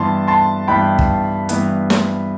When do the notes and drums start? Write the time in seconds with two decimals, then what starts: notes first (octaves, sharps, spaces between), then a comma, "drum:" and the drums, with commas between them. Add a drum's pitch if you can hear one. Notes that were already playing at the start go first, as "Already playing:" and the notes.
Already playing: G2 E3 B3 A5 C6
0.28 A5 C6
0.67 G2 E3 B3 G5 B5
0.99 drum: kick
1.49 G2 E3 B3, drum: hi-hat
1.90 drum: snare